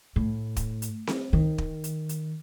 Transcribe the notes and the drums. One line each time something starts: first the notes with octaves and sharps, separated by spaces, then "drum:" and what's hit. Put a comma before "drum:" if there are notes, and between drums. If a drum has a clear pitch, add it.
A2
drum: kick, hi-hat
drum: hi-hat
drum: snare C4
D#3
drum: kick
drum: hi-hat
drum: hi-hat